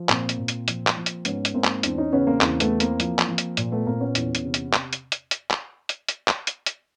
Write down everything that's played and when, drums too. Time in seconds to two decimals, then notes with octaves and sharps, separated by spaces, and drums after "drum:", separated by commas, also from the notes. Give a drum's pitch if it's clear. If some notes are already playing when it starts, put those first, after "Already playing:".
Already playing: F3
0.09 A#2 A#3 C4, drum: clap
0.29 drum: hi-hat
0.38 A#2
0.48 drum: hi-hat
0.68 F3, drum: hi-hat
0.87 drum: clap
0.97 F3
1.06 drum: hi-hat
1.25 G#2 B3 C#4, drum: hi-hat
1.45 drum: hi-hat
1.54 G#2 A#3 C4
1.64 drum: clap
1.83 E2 C4 D4, drum: hi-hat
1.98 C#4 D#4
2.12 C#3 B3 C#4
2.27 A#3 C4
2.41 E2 A#3 C4, drum: clap
2.60 A3 B3, drum: hi-hat
2.70 E3
2.80 A#3 C4, drum: hi-hat
3.00 F3, drum: hi-hat
3.19 drum: clap
3.29 F3
3.38 drum: hi-hat
3.57 A#2, drum: hi-hat
3.72 A3 B3
3.86 A#2 A#3 C4
4.00 B3 C#4
4.15 E2, drum: hi-hat
4.35 drum: hi-hat
4.44 C3
4.54 drum: hi-hat
4.73 drum: clap
4.93 drum: hi-hat
5.12 drum: hi-hat
5.31 drum: hi-hat
5.51 drum: clap
5.89 drum: hi-hat
6.09 drum: hi-hat
6.28 drum: clap
6.47 drum: hi-hat
6.66 drum: hi-hat